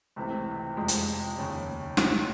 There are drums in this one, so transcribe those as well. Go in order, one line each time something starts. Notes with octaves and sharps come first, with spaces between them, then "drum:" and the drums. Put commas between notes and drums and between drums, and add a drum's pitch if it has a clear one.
C#2 C3 E3 A3 C4
F1 F2 C3 F3 G#3
drum: hi-hat
F1 D#2 C#3 F3
B1 A2 F#3, drum: snare